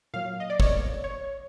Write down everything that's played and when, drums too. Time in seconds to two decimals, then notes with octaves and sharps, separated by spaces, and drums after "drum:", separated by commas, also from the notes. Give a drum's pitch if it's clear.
0.13 A#2 F#3 F5
0.40 D#5
0.50 D5
0.60 C#5, drum: kick
1.04 C#5